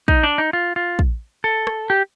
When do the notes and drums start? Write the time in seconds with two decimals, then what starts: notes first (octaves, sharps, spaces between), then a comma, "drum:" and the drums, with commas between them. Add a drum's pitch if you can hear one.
0.08 D#4, drum: kick
0.23 D4
0.38 D#4
0.53 F4
0.76 F4
0.99 drum: kick
1.44 A4
1.67 drum: rim click
1.90 G4